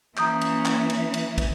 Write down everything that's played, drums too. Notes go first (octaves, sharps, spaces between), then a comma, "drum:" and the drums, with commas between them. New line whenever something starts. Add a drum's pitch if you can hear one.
E3 A#3 C#4 A#5 D#6 G6, drum: clap
drum: cymbal
drum: clap
drum: cymbal
drum: cymbal
drum: kick, cymbal